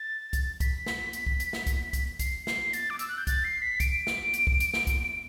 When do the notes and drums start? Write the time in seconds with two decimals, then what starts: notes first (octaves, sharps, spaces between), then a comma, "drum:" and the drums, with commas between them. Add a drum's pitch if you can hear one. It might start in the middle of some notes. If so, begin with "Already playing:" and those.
Already playing: A6
0.33 drum: kick C2, hi-hat
0.60 B6, drum: kick C2, hi-hat
0.86 drum: snare
1.13 drum: hi-hat
1.26 drum: kick C2
1.40 drum: hi-hat
1.53 drum: snare
1.67 drum: kick C2, hi-hat
1.93 drum: kick C2, hi-hat
2.19 C7, drum: kick C2, hi-hat
2.47 C7, drum: snare
2.73 A6, drum: hi-hat
2.90 D6
2.99 E6, drum: hi-hat
3.08 F#6
3.18 G6
3.27 A6, drum: kick C2, hi-hat
3.44 C7
3.62 B6
3.80 D7, drum: kick C2, hi-hat
4.07 drum: snare
4.34 drum: hi-hat
4.47 drum: kick C2
4.60 drum: hi-hat
4.74 drum: snare
4.87 drum: kick C2, hi-hat